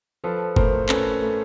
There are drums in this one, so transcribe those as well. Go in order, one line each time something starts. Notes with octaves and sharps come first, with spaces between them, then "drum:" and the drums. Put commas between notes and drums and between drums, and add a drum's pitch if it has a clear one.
F3 A4 B4
A2 A#4 C5, drum: kick
C#4 A4 B4, drum: clap
A3